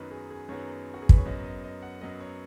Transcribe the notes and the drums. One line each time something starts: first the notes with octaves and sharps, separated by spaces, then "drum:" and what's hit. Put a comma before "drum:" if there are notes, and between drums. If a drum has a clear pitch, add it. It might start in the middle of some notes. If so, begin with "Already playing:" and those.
Already playing: F#2 D#3 F#3 B3 B4 D#5
G#4
G#4
F#2 D#3 F#3 B3 C#5
F#4
G#4
B4, drum: kick
C#5
F#2 F#3 B3 D#5
D#5
D#5
F#5
F#2 F#3 B3 D#5
C#5